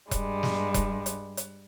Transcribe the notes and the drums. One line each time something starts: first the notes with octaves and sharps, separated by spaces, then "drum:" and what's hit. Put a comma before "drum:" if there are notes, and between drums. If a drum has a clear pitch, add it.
G2 G3 G#3, drum: kick E1, hi-hat
drum: snare
drum: kick E1, hi-hat
drum: hi-hat
drum: hi-hat